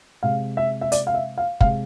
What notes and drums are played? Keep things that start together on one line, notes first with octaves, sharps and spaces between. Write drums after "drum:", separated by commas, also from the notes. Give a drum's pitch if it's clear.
C3 G#3 F5
E5
E5
D5, drum: hi-hat
F5
E5
F5
C3 G#3 F5, drum: kick